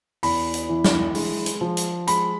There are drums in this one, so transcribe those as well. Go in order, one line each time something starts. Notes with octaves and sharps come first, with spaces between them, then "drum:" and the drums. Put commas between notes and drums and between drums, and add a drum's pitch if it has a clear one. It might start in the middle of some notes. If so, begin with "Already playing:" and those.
E2 B5, drum: open hi-hat
drum: hi-hat
E3
drum: snare
G#3, drum: open hi-hat
drum: hi-hat
F3
drum: hi-hat
G#3 B5, drum: hi-hat